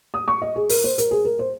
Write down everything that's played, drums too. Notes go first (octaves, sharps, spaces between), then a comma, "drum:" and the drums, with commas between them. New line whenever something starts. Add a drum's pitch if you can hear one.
D#6
C#6
D#5
G#4
A#4, drum: open hi-hat
C5
A#4, drum: hi-hat
G#4
A#4
C5